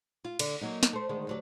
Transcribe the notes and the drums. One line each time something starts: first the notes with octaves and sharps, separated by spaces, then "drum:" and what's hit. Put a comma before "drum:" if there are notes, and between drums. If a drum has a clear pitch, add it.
F4
D3, drum: cymbal
F#3 A#3 D#4
drum: snare
A3 C5
D2 D#3 G#3
D2 F#3 G4